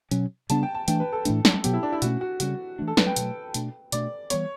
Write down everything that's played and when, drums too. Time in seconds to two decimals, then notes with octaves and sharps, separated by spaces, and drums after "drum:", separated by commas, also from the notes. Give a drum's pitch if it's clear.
0.11 B2 F#3 C#4, drum: hi-hat
0.50 C#3 G3 B3 D4 A5, drum: hi-hat
0.63 G5
0.75 A5
0.88 E3 A3 D4 G5, drum: hi-hat
1.00 B4
1.13 A4
1.25 A2 E3 A3 D4, drum: hi-hat
1.45 drum: snare
1.64 B2 F#3 B3 G4, drum: hi-hat
1.73 E4
1.83 D4
1.92 E4
2.02 B2 A3 C#4 F#4, drum: hi-hat
2.21 F#4
2.40 C#3 G3 C#4 F#4, drum: hi-hat
2.79 E3 A3 D4
2.88 A4
2.97 B4, drum: snare
3.07 G5
3.16 B2 F#3 A3, drum: hi-hat
3.54 B2 A3 D4, drum: hi-hat
3.92 B2 A3 D4 D5, drum: hi-hat
4.30 E3 G3 B3 C#5, drum: hi-hat